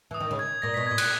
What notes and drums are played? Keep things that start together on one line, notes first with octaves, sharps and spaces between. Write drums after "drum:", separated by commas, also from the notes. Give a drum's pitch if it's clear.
E3 D#6
D#3
C#3
G#6
A#2 A#6
B2 B6
G#6
A#2
F#6, drum: cymbal